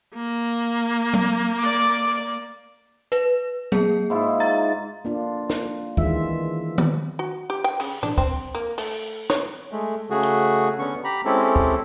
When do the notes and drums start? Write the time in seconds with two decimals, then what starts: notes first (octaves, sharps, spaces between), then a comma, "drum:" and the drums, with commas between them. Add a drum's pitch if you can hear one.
0.15 A#3
1.14 drum: tom F#3
1.58 D5 D6
3.12 B4, drum: hi-hat
3.72 A#3 G#4, drum: tom F#3
4.10 G#2 E4 F4
4.40 A#5 A6
5.05 A#3 D4 F4
5.50 drum: snare
5.97 D#3 E3 G#3 F4 E5, drum: kick
6.78 drum: tom D#3
7.19 F#4
7.50 G4
7.64 G5
7.80 C#3, drum: open hi-hat
8.03 D4, drum: tom A2
8.18 C4, drum: kick
8.55 A#3
8.78 A3, drum: open hi-hat
9.30 C#5, drum: snare
9.72 G#3 A3
10.10 C#3 A3 F#4 G#4
10.23 drum: hi-hat
10.79 D3 B3 C#4 C#6
11.04 G4 A#5 B5
11.25 G#3 C4 C#4 E4 G4 A4
11.56 drum: kick